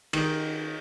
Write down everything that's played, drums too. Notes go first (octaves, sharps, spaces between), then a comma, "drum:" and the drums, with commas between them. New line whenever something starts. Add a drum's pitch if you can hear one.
D#3, drum: cymbal